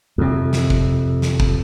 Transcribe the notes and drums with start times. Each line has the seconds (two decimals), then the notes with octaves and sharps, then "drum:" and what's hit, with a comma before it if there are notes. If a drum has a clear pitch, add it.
0.18 F2 C3
0.53 drum: snare
0.70 drum: kick
1.22 drum: snare
1.40 drum: kick